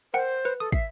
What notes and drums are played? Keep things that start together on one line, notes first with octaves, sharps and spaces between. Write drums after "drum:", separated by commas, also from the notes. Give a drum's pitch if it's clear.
A#4 C5 F#5 G5
B4
A4 D#6
E5 C7, drum: kick